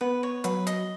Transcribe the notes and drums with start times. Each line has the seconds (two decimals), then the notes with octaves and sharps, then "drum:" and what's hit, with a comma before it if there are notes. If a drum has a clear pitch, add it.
0.01 B3 B4
0.23 C#5
0.44 F#3 B4, drum: hi-hat
0.67 D#5, drum: hi-hat